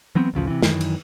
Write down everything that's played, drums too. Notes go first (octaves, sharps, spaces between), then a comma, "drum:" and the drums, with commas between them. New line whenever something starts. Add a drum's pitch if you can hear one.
E3 F#3 B3 C4
A1 D2 C#3 F3
C3 E3
F#2 D#3 E3, drum: snare
drum: cymbal